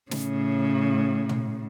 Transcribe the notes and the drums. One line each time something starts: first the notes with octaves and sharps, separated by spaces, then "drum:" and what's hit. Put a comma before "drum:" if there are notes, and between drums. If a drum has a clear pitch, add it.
A2 C#3, drum: snare
drum: tom